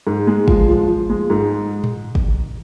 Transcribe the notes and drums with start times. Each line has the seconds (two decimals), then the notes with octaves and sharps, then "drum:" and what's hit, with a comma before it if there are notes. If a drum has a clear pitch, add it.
0.07 G#2
0.27 G#3
0.48 F3, drum: kick
0.69 F3
0.88 F3
1.10 G#3
1.30 G#2
1.84 drum: tom A2
2.15 drum: kick